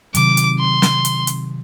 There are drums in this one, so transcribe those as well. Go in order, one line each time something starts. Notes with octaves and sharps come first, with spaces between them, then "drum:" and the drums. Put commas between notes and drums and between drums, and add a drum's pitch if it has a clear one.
C3 D#3 F#3 D6, drum: hi-hat
drum: hi-hat
C6
drum: snare
drum: hi-hat
drum: hi-hat